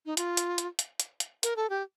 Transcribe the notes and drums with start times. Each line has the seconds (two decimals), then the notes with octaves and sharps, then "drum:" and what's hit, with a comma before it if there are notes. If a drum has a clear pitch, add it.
0.06 D#4
0.17 F4, drum: hi-hat
0.37 drum: hi-hat
0.58 drum: hi-hat
0.79 drum: hi-hat
1.00 drum: hi-hat
1.20 drum: hi-hat
1.43 A#4, drum: hi-hat
1.56 A4
1.70 G4